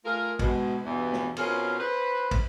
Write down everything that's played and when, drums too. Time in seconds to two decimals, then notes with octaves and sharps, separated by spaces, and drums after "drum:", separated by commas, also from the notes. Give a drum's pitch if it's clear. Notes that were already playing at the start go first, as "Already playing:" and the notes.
0.05 A3 F4 G#4 A#4
0.39 B2 G#3, drum: kick, cymbal
0.84 E2 G2 B2 E3
1.13 drum: snare
1.37 B2 C4 C#4 F4 G#4 A#4, drum: cymbal
1.79 B4 C5
2.31 drum: kick, cymbal